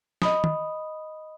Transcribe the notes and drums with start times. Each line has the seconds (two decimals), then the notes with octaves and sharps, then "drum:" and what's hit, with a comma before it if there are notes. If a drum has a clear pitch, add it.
0.22 D#5 B5 D#6, drum: snare
0.44 drum: tom